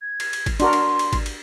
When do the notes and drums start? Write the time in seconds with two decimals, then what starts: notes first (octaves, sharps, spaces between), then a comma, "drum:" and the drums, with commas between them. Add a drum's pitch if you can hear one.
0.01 G#6
0.20 drum: cymbal
0.33 drum: cymbal
0.46 drum: kick G#1, cymbal
0.60 D4 F#4 A#4 C6, drum: cymbal
0.73 drum: cymbal
0.99 drum: cymbal
1.13 drum: kick G#1, cymbal
1.26 drum: cymbal